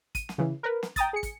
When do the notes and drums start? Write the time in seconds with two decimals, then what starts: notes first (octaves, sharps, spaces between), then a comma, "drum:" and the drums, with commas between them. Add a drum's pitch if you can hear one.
0.15 D#7, drum: kick, hi-hat
0.29 drum: snare
0.38 C#3 E3
0.63 A#4 B4
0.83 drum: snare
0.96 G5 A#5 D#6 A6, drum: kick, hi-hat
1.13 G#4 C#7
1.23 drum: kick, hi-hat